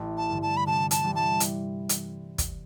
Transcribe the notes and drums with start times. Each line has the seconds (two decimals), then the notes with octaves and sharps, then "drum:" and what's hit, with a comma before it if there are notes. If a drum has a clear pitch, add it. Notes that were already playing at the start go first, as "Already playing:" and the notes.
Already playing: A1
0.17 A5
0.30 G2 D3
0.42 A5
0.57 B5
0.67 C3 A5
0.91 A5, drum: hi-hat
1.03 E3 G3 C4 G4
1.15 A5
1.40 drum: hi-hat
1.89 drum: hi-hat
2.38 drum: kick, hi-hat